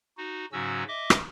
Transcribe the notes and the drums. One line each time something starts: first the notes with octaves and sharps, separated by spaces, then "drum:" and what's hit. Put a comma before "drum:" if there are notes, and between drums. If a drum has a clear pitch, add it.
D#4 F#4
G#2 C#3 F#3 C#4 F#4 E6
D#5 E5 D6
drum: rim click